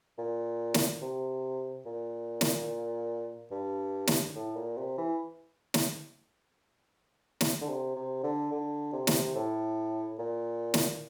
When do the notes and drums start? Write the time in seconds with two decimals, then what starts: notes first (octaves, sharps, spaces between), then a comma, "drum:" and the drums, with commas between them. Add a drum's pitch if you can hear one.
0.18 A#2
0.74 drum: snare
1.02 C3
1.86 A#2
2.41 drum: snare
3.51 G2
4.07 drum: snare
4.35 A2
4.56 A#2
4.77 C3
4.98 E3
5.74 drum: snare
7.41 drum: snare
7.61 D3
7.69 C3
7.96 C3
8.23 D3
8.52 D3
8.93 C3
9.07 drum: snare
9.35 A2
10.19 A#2
10.74 drum: snare